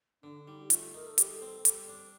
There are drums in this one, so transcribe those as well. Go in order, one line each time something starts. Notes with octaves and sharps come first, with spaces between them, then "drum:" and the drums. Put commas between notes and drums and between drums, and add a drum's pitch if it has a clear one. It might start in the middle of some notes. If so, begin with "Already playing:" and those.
D3 D4
G3 D#4
G4
A3 F4, drum: hi-hat
D#4 A#4
A4
G3 G4, drum: hi-hat
A4
C4
G3, drum: hi-hat
D4